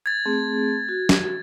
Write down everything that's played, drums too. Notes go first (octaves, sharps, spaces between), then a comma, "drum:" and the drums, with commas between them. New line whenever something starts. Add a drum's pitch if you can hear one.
G#6 A6
A3 C4 G#4
F#4
drum: snare